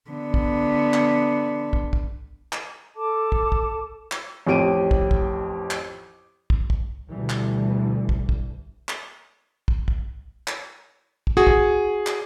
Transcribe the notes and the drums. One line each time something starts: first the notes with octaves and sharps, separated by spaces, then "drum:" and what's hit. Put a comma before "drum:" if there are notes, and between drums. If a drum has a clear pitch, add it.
D3 B3
drum: kick
drum: clap
drum: kick
drum: kick
drum: clap
A4 A5 D6
drum: kick
drum: kick
drum: clap
A1 F2 G4 D7 D#7
drum: kick
drum: kick
drum: clap
drum: kick
drum: kick
D2 B2 D3 E3 G3
drum: clap
drum: kick
drum: kick
drum: clap
drum: kick
drum: kick
drum: clap
drum: kick
F#4 G#4
drum: kick
drum: clap